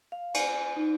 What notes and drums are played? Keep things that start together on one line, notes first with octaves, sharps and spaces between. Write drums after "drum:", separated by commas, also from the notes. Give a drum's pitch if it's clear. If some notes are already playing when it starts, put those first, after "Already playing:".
F5
G#5, drum: cymbal
D#4